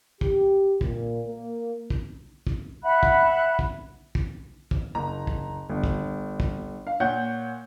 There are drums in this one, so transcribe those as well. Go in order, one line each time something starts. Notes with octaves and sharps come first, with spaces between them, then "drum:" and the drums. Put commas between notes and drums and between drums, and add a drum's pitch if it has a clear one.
G4, drum: kick
A#2, drum: kick
A#3
drum: kick
drum: kick
E5 F#5 B5 F#6
drum: kick
drum: kick
drum: kick
drum: kick
F#1 A#5
drum: kick
G1
drum: kick
drum: kick
F5
A#2 C#5 F#5 G6